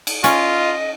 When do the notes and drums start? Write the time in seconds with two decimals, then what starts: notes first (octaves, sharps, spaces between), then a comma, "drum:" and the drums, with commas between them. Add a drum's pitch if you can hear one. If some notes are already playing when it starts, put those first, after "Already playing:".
0.07 drum: cymbal
0.24 C#4 F4 D#5, drum: hi-hat